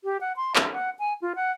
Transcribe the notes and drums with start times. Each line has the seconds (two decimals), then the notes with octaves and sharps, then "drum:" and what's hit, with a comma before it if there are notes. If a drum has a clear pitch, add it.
0.04 G4
0.21 F#5
0.37 C6
0.56 E5, drum: clap
0.73 F#5
0.99 G#5
1.22 F4
1.36 F#5